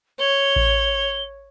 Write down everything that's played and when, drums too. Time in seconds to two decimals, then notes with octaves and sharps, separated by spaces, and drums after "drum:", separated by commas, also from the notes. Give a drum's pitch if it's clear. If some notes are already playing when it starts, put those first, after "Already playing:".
0.20 C#5 G7
0.56 drum: kick A1